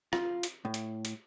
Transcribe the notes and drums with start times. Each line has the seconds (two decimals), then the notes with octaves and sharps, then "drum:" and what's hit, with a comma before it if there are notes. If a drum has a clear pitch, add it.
0.13 F4, drum: rim click
0.43 drum: hi-hat
0.65 A2
0.74 drum: hi-hat
1.05 drum: hi-hat